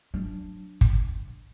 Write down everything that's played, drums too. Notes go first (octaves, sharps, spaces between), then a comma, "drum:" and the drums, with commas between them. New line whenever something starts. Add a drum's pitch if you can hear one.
F#3 D4
drum: kick